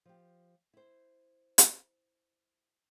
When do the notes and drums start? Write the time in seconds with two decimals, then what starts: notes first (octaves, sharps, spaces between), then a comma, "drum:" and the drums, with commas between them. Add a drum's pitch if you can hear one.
0.05 F3 G4
0.74 E4 C5
1.58 drum: hi-hat